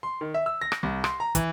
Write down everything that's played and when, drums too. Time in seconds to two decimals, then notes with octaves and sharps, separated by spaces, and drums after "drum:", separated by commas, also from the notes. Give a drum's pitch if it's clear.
0.03 C6
0.21 D#3
0.34 E5
0.46 E6
0.62 A#6
0.72 drum: rim click
0.83 C2
1.04 C6, drum: rim click
1.20 A#5
1.35 E3, drum: kick, hi-hat